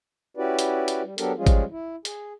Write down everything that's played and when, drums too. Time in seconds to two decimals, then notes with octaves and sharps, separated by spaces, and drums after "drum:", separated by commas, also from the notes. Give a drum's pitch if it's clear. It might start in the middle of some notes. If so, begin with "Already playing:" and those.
0.37 C#4 E4 F#4 G4 B4 D5
0.59 drum: hi-hat
0.88 drum: hi-hat
1.03 G3
1.18 F#3 B3 D4 G4 A4 A#4, drum: hi-hat
1.37 F3 G3 G#3 C#4 F4 G#4
1.46 drum: kick G#1, hi-hat
1.71 E4
2.05 G#4, drum: hi-hat